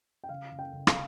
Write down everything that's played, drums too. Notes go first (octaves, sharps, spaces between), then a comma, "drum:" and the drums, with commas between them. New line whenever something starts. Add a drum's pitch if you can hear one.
G5
C#3 F5
C#3
G5
C#3
F5, drum: rim click